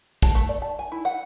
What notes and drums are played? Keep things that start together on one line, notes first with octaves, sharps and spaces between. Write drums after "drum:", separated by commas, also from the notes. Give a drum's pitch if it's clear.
A5, drum: kick
A3
D5
A5
G#5
E4
F#5